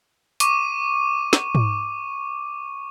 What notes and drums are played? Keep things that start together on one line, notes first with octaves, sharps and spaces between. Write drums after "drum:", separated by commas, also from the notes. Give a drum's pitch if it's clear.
C#6 D6 D#7, drum: hi-hat
drum: snare
drum: tom G#2